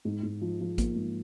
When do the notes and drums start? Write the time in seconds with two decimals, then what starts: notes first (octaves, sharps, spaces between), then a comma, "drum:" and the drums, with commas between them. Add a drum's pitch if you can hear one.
0.05 G#2
0.23 G#2
0.41 F3
0.60 F3
0.78 A#3, drum: kick A1, hi-hat
0.96 G#2